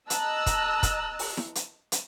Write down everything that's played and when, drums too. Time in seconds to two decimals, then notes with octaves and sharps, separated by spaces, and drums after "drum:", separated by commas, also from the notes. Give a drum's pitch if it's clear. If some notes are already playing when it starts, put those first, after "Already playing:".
0.10 D#5 A5 A#5 E6 F#6, drum: hi-hat
0.46 drum: kick, hi-hat
0.83 drum: kick, hi-hat
1.19 drum: open hi-hat
1.37 drum: snare E4
1.55 drum: hi-hat
1.92 drum: hi-hat